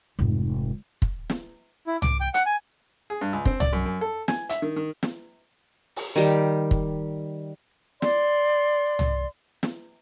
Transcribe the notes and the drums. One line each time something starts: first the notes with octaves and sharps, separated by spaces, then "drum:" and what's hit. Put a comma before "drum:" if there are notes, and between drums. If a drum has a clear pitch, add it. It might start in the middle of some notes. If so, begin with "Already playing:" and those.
F1 G#2
drum: kick
drum: snare
E4
D6, drum: tom
G5
F#5, drum: hi-hat
G#5
G#4
G2
C#2
C4, drum: kick
D5, drum: tom
F#2
F#2
A4
G#5, drum: snare
E5, drum: hi-hat
D#3
D#3
drum: snare
drum: open hi-hat
D#3 G3
drum: kick
D5 C6, drum: snare
drum: tom
drum: snare